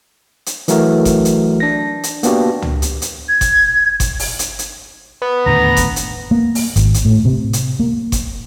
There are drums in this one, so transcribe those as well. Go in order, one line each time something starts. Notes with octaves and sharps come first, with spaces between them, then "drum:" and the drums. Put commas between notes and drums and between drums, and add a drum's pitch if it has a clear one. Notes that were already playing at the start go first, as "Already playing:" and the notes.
drum: hi-hat
E3 F#3 A3 F#4 A#4, drum: hi-hat
drum: kick G1, hi-hat
drum: hi-hat
D4 A#6
drum: hi-hat
A#3 B3 D4 F#4 G4, drum: hi-hat
drum: tom
drum: hi-hat
drum: hi-hat
G#6
drum: kick G1, hi-hat
drum: kick G1, hi-hat
drum: open hi-hat
drum: hi-hat
drum: hi-hat
B3
D#2 A2 D3 A#5
drum: kick G1, hi-hat
drum: hi-hat
A#3
drum: open hi-hat
G#1, drum: hi-hat
drum: hi-hat
A2
C3
drum: hi-hat
A#3
drum: kick G1, hi-hat